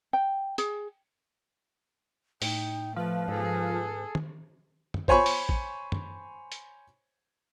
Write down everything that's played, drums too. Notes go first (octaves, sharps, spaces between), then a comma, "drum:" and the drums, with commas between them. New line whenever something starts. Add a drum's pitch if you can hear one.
G5
G#4, drum: hi-hat
A2 D#4 G5, drum: open hi-hat
F3 A3 B4
G#2 G#4 A4
drum: tom
drum: tom
C5 C#5 G#5 B5 C#6, drum: kick A1
drum: open hi-hat
drum: kick A1
drum: tom
drum: hi-hat